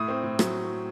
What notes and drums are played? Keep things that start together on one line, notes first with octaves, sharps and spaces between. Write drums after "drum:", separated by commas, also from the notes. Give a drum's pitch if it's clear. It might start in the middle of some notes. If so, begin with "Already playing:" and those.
Already playing: A2 D#6
C4
A2
F#3, drum: rim click